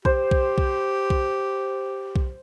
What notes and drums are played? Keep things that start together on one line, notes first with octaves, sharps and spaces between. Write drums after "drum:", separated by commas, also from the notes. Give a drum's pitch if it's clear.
G4 C5, drum: kick B1
drum: kick B1
drum: kick B1
drum: kick B1
drum: kick B1